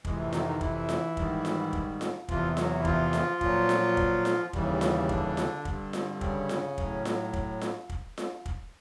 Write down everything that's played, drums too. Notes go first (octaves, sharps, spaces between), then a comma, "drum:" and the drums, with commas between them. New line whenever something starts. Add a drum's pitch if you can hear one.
F2 C3 E3 G#3, drum: kick
A2 A3
D#3 D#4, drum: snare F4
D#3 D#4
E3 E4, drum: kick
drum: snare F4
G#2 D#3 G3, drum: kick
drum: snare F4
drum: kick
drum: snare F4
E2 C3 E3 F3 F4, drum: kick
F#3 F#4, drum: snare F4
E4
F3 F4, drum: kick
drum: snare F4
A#2 F#3, drum: kick
drum: snare F4
drum: kick
drum: snare F4
D#2 C#3 E3 G3, drum: kick
drum: snare F4
D3 D4, drum: kick
drum: snare F4
G2 D3 G3, drum: kick
drum: snare F4
C4
C#3 C#4, drum: kick
drum: snare F4
A2 F#3, drum: kick
drum: snare F4
drum: kick
drum: snare F4
drum: kick
drum: snare F4
drum: kick